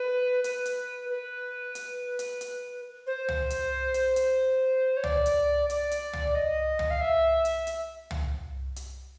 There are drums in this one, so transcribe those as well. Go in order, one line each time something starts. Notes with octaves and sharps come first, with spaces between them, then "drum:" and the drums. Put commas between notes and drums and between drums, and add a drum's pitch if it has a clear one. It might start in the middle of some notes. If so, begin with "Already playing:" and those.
Already playing: B4
B4, drum: hi-hat
drum: hi-hat
B4
drum: hi-hat
drum: hi-hat
drum: hi-hat
C5
drum: tom
drum: hi-hat
drum: hi-hat
drum: hi-hat
C#5
D5, drum: tom
drum: hi-hat
D5, drum: hi-hat
drum: hi-hat
drum: tom
D#5
drum: tom
F5
E5
drum: hi-hat
drum: hi-hat
drum: tom
drum: hi-hat